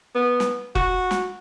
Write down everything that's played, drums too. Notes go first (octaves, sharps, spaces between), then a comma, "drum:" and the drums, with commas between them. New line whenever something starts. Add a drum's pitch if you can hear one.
B3
drum: snare
F#4, drum: kick F1
drum: snare